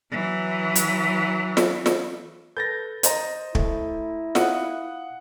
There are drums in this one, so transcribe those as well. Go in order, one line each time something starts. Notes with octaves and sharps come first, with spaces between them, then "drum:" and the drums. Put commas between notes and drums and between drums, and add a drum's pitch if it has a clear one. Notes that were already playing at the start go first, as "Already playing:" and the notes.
E3 F#3
drum: hi-hat
drum: snare
drum: snare
A4 B4 G6 A6 A#6
C5 D#5 A#5, drum: hi-hat
A3 E4, drum: kick
F5 F#5 D#6 F#6, drum: snare